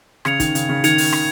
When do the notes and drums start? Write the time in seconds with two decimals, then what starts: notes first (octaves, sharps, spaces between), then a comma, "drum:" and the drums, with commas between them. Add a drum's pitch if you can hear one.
0.25 C#3 G#6 C#7 F7, drum: rim click
0.40 D#3, drum: kick, hi-hat
0.55 C#3, drum: hi-hat
0.69 C#3
0.84 D#3 G#6 C#7 F7, drum: hi-hat
0.98 drum: open hi-hat
1.13 drum: rim click